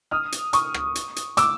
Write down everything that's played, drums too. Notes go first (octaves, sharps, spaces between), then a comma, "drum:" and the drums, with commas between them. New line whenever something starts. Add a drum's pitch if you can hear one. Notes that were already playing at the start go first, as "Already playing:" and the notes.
D#6 F6
drum: hi-hat
C#6 D#6, drum: hi-hat
drum: rim click
drum: hi-hat
drum: hi-hat
D6 E6, drum: hi-hat